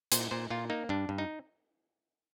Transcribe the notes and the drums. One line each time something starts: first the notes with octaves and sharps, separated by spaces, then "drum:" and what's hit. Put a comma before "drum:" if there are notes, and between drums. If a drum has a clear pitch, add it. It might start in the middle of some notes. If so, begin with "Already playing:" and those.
A#2 C5, drum: hi-hat
A#2 C5
A#2 F4
A#3 D#4
G2 D4
G2
D#4